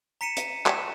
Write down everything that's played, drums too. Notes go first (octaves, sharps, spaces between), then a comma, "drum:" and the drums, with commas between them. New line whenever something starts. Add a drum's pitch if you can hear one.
A#5 B6 C#7 D#7 E7
drum: hi-hat
E7, drum: clap